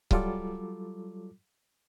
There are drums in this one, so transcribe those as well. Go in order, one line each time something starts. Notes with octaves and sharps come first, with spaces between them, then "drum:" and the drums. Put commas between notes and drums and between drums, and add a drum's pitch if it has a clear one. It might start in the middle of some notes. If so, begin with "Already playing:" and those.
F#3 G3 F4 A4 D6, drum: kick C#1